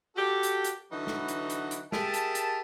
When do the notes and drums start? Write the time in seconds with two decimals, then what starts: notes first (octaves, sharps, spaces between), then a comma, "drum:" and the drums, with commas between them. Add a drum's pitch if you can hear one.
0.16 F#4 G4 A4
0.43 drum: hi-hat
0.64 drum: hi-hat
0.91 D3 E3 F#3 D#4 F#4 B4
1.07 drum: snare
1.28 drum: hi-hat
1.50 drum: hi-hat
1.71 drum: hi-hat
1.92 G4 G#4 A#4 E5 A5, drum: snare
2.14 drum: hi-hat
2.35 drum: hi-hat